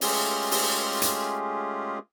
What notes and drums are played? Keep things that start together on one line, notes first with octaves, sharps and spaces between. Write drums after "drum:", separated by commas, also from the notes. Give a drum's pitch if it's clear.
G#3 A3 C#4 F4 G4 G#4, drum: open hi-hat
drum: open hi-hat
drum: hi-hat